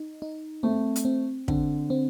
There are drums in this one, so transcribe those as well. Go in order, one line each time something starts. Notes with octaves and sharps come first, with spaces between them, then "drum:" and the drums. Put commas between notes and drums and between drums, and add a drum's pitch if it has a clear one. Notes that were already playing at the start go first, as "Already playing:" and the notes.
Already playing: D#4
D#4
A3 C4
drum: hi-hat
C4
D3 C4, drum: kick
C4